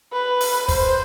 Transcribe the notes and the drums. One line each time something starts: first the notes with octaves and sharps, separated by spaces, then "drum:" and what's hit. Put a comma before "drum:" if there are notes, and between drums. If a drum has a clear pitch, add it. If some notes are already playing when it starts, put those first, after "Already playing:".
B4
drum: open hi-hat
C5, drum: kick, open hi-hat